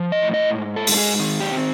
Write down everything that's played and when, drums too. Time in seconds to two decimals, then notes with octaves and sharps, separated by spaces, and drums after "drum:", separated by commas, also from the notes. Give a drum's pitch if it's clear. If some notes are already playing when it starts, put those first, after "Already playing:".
Already playing: F3
0.12 D#5
0.22 A2
0.34 D#5
0.55 G#2
0.76 A4
0.87 G#3 A4, drum: open hi-hat
0.97 G#4
1.19 D#3
1.40 G4
1.52 C4